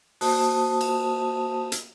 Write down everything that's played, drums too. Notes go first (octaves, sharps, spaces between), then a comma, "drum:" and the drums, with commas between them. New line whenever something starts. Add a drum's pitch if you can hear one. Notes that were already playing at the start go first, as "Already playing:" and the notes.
A#3 F#4 C5 A5 D#6, drum: open hi-hat
drum: cymbal
drum: hi-hat